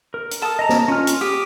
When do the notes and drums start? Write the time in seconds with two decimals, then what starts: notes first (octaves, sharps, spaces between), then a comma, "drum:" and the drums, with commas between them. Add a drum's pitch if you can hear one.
0.14 A#4
0.31 drum: hi-hat
0.42 A4 A5 D#6
0.59 D#5 A#5
0.69 drum: snare
0.88 C#4 F4 F6
1.07 drum: hi-hat
1.21 G4 D#6